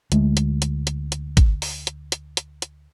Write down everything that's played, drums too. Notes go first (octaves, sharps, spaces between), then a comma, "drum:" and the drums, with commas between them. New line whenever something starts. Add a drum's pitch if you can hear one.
D2 G#3 A3, drum: hi-hat
drum: hi-hat
drum: hi-hat
drum: hi-hat
drum: hi-hat
drum: kick, hi-hat
drum: open hi-hat
drum: hi-hat
drum: hi-hat
drum: hi-hat
drum: hi-hat